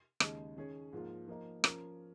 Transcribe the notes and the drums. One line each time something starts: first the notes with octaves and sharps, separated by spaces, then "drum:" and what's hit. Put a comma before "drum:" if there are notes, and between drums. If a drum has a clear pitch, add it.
D#2 C#3 G#3 D#4, drum: rim click
D#3 C#4 G#4 C#5
G#2 F3 A#3 F4
F3 A#3 D#4 A#4
F3 C#4 A#4, drum: rim click